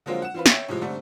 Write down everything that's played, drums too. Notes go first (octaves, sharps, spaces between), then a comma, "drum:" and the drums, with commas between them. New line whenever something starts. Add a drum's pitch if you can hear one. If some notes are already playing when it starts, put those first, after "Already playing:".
D3 F3 F#3 G#3 A#3 C4
F#5 E7
E3 C4 F4 B4
C#5 E5 G5, drum: snare
A2 C3 F3 G#3
G#2 D3 G3 A3 C4